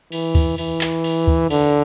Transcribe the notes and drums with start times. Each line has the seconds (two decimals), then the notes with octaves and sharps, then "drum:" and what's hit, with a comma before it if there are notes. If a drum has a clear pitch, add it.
0.12 E3, drum: cymbal
0.35 drum: kick, cymbal
0.58 E3, drum: cymbal
0.81 drum: clap
1.04 drum: cymbal
1.27 drum: kick
1.50 D3, drum: cymbal